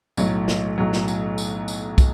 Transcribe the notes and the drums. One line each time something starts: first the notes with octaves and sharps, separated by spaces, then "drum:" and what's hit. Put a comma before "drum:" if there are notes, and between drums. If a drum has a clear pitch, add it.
B1 A2 F#3, drum: tambourine
drum: snare
B1 A2 F#3
drum: snare
drum: tambourine
drum: tambourine
drum: tambourine
drum: kick, tambourine